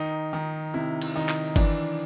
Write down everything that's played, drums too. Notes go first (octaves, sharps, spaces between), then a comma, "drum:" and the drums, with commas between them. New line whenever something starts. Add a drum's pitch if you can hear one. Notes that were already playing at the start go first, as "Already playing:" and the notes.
Already playing: D#3 D#4
D#3
C3 E4
drum: cymbal
D#3 D#4
drum: clap
E3 D4, drum: kick G1, cymbal